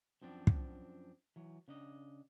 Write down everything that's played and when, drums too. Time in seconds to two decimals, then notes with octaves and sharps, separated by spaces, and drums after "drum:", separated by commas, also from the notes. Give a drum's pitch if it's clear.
0.22 F#2 F3 C4 D4
0.47 drum: kick
1.36 E3 F#3
1.68 C#3 D4 D#5